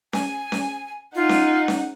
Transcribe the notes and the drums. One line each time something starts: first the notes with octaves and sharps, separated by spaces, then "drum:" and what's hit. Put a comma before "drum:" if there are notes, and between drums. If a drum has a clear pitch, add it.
G#5, drum: snare C#4
drum: snare C#4
D#4 F4 F#5
drum: snare C#4
drum: snare C#4